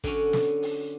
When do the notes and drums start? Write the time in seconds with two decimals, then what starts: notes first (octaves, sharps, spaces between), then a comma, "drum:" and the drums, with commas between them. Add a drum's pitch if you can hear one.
0.04 D3 F#3 C#4, drum: kick, hi-hat
0.33 drum: snare
0.63 drum: open hi-hat